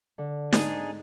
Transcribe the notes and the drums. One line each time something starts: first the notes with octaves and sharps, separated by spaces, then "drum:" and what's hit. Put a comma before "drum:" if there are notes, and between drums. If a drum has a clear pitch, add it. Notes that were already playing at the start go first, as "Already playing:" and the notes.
D3
G#2 D4 D#4 G#4, drum: snare